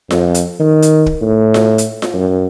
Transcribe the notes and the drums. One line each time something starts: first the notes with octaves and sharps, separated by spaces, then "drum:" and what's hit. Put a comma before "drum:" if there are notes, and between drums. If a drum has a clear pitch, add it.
F2, drum: snare F4
drum: hi-hat
D#3
drum: hi-hat
drum: kick
A2
drum: snare F4
drum: hi-hat
drum: snare F4
F#2